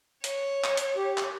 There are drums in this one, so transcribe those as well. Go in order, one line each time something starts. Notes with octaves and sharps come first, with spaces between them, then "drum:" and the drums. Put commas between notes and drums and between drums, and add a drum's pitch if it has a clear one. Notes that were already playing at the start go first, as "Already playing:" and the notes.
C#5, drum: hi-hat
drum: clap
drum: hi-hat
G4
drum: clap